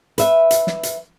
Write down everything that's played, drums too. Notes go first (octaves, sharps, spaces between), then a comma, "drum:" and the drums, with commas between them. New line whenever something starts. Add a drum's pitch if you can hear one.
B4 E5, drum: hi-hat
drum: hi-hat
drum: snare
drum: hi-hat